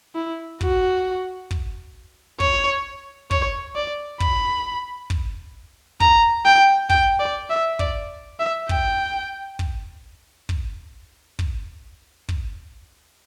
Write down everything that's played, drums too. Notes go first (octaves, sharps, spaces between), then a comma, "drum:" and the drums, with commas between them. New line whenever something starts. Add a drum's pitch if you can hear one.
E4
F#4, drum: kick
drum: kick
C#5, drum: kick
C#5, drum: kick
D5
B5, drum: kick
drum: kick
A#5, drum: kick
G5
G5, drum: kick
D5
E5
D5, drum: kick
E5
G5, drum: kick
drum: kick
drum: kick
drum: kick
drum: kick